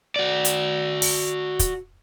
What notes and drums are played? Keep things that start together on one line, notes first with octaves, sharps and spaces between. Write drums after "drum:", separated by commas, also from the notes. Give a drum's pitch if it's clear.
F#4 D5
drum: hi-hat
drum: open hi-hat
drum: kick, hi-hat